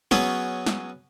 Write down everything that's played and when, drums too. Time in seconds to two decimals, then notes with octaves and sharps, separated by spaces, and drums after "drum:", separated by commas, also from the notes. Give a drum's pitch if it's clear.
0.11 F#3 B3 C#4 G#4, drum: snare
0.66 drum: snare